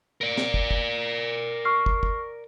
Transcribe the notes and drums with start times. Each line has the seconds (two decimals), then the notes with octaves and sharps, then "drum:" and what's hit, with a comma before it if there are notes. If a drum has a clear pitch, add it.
0.21 A#4 D5
0.38 drum: snare
0.54 drum: kick
0.71 drum: kick
1.65 C#6 F6 C7
1.86 drum: kick
2.03 drum: kick